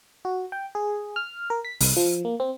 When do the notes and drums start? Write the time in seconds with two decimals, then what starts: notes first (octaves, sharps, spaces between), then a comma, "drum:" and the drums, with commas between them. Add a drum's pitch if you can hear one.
0.25 F#4
0.52 G5
0.75 G#4
1.16 F6
1.50 A#4
1.65 B6
1.81 C2, drum: open hi-hat
1.96 F3
2.25 A#3
2.40 C4